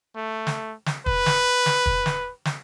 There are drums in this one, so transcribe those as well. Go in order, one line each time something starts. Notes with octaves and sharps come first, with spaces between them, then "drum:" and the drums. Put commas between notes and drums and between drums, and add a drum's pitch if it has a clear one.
A3
drum: snare
drum: snare
B4, drum: kick
drum: snare
drum: snare
drum: kick
drum: snare
drum: snare